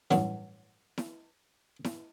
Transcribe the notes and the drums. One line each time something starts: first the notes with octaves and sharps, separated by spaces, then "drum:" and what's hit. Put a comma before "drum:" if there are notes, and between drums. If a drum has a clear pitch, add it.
A1 G2 E3 F#3, drum: snare E4
drum: snare E4
drum: snare E4